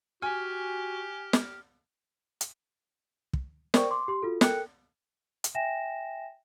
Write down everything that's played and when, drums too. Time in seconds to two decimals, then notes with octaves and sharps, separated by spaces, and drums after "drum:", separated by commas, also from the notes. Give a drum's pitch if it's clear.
0.22 F#4 G4 G#5 F6
1.33 drum: snare
2.41 drum: hi-hat
3.33 drum: kick
3.74 A#4 C5 D5 G5 C#6, drum: snare
3.91 C6 D6
4.08 G4 C6
4.23 F4 F#4 A4
4.41 A4 A#4 G5 F#6 C#7, drum: snare
5.44 drum: hi-hat
5.55 E5 G5 G#5 A#6 E7